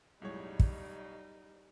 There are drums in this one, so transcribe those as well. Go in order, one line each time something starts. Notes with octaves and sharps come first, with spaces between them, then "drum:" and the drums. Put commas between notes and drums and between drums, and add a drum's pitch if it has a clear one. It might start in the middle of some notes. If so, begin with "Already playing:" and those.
B1 F#2 A2 G3 G#3 D#4 C#5
drum: kick